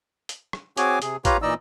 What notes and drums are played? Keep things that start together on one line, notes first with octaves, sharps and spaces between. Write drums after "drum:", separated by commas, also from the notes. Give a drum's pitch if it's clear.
drum: hi-hat
drum: rim click
C4 F#4 G#4 C#5 G#5 D6, drum: hi-hat
C3 G#4, drum: hi-hat
F4 G4 B4 C#5 F5 A#5, drum: kick, hi-hat
A#2 E3 D#4 D5 D#5 E6